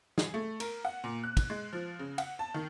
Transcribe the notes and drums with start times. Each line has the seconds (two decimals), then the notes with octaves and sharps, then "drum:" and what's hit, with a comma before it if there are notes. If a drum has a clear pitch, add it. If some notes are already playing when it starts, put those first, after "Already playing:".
0.18 G#4, drum: snare
0.34 A3
0.60 A#4, drum: cymbal
0.85 F#5
1.04 A#2
1.24 F#6
1.37 drum: kick, cymbal
1.50 G#3
1.73 F3
1.99 C#3
2.18 F#5, drum: cymbal
2.39 A5
2.54 D#3